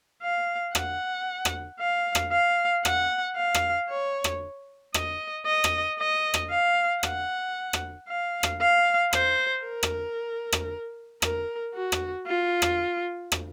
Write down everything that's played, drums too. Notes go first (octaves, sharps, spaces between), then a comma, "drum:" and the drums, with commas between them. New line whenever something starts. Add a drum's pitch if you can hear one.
F5
F#5, drum: rim click
drum: rim click
F5
drum: rim click
F5
F#5, drum: rim click
F5
drum: rim click
C#5
drum: rim click
D#5, drum: rim click
D#5
drum: rim click
D#5
drum: rim click
F5
F#5, drum: rim click
drum: rim click
F5
drum: rim click
F5
C5, drum: rim click
A#4
drum: rim click
drum: rim click
A#4, drum: rim click
F#4
drum: rim click
F4
drum: rim click
drum: rim click